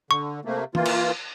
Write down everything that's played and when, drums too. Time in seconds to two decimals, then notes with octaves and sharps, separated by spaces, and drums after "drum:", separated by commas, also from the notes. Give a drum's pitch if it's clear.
0.11 D3 C#6
0.45 C3 A3 A#3
0.75 E3 A#3 F4, drum: tom
0.85 drum: cymbal